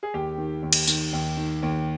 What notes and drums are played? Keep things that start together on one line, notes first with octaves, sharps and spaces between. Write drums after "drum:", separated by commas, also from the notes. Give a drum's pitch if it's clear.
G#4
D#2 G4
D#3
D#2
drum: cymbal
D#3, drum: tambourine
D#2
D#3
D#2